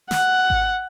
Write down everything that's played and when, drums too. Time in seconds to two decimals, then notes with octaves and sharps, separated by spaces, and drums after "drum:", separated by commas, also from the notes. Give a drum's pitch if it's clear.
0.11 F#5, drum: snare
0.50 drum: kick G#1